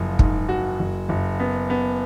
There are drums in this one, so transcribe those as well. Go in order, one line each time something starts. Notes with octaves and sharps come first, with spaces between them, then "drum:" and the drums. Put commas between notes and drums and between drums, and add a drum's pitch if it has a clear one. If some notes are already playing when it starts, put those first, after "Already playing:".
Already playing: F#1 F3
G#2, drum: kick
F#4
F#1
F#1
B3
B3